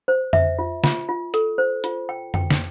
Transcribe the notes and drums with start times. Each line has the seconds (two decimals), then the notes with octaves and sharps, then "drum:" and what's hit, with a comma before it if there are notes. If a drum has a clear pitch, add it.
0.08 C5
0.33 E5, drum: tom F2
0.59 F4
0.84 F4, drum: snare
1.09 F4
1.34 A4, drum: hi-hat
1.58 C5
1.84 F4, drum: hi-hat
2.09 G5
2.34 G5, drum: tom F2
2.51 drum: snare